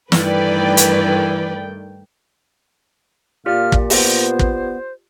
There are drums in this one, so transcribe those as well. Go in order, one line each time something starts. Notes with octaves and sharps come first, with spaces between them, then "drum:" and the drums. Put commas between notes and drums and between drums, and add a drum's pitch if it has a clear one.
G2 D#3 E3 A3 B4 D5 G5, drum: snare
drum: hi-hat
A#2 F4 G4 D5 F5 F6
drum: kick
B3 C5, drum: open hi-hat
drum: kick